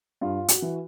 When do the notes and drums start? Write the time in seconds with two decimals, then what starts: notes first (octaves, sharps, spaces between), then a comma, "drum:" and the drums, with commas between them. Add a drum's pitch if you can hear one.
0.21 G2 F4
0.48 F#4, drum: hi-hat
0.62 E3